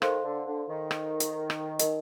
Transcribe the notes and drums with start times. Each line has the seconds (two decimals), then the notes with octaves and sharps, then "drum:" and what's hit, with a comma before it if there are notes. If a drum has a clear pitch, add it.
0.02 D#3 A4 C5 F5 C6, drum: rim click
0.24 D3
0.47 D3
0.68 D#3
0.91 drum: rim click
1.20 drum: hi-hat
1.50 drum: rim click
1.79 D#4 A#4 D#5, drum: hi-hat